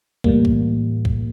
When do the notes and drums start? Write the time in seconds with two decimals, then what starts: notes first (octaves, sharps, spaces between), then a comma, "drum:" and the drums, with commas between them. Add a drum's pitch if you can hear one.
0.24 A2 E3 G3 A#3, drum: kick
0.45 drum: kick
1.05 drum: kick